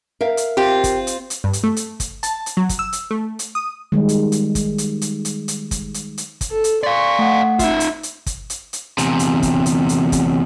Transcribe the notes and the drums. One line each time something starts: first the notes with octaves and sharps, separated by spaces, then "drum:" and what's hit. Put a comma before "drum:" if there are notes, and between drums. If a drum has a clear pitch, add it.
A#4 E5 F5
drum: hi-hat
C4 F4 G4
drum: kick, hi-hat
drum: hi-hat
drum: hi-hat
G2
drum: hi-hat
A3
drum: hi-hat
drum: kick, hi-hat
A5, drum: hi-hat
drum: hi-hat
F#3
drum: kick, hi-hat
E6
drum: hi-hat
A3
drum: hi-hat
D#6
D#3 G3 G#3
drum: hi-hat
drum: hi-hat
drum: kick, hi-hat
drum: hi-hat
drum: hi-hat
drum: hi-hat
drum: hi-hat
drum: kick, hi-hat
drum: hi-hat
drum: hi-hat
drum: kick, hi-hat
A4
drum: hi-hat
D5 F5 C6 C#6
A3 F#5
D#4 F4 E5, drum: kick, hi-hat
drum: hi-hat
drum: hi-hat
drum: kick, hi-hat
drum: hi-hat
drum: hi-hat
E2 C3, drum: hi-hat
drum: hi-hat
drum: kick, hi-hat
drum: hi-hat
drum: hi-hat
drum: kick, hi-hat